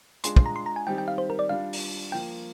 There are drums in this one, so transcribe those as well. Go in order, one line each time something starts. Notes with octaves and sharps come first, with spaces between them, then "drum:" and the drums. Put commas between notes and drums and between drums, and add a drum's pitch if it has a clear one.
G#3 D4 F4 G#4 C6, drum: hi-hat
C6, drum: kick
A#5
C6
A#5
G#5
D#3 G3 C4 D#4 G4 G5
G5
F5
C5
A#4
D5
G3 D4 F4 F5
drum: open hi-hat
F3 A#3 F4 G5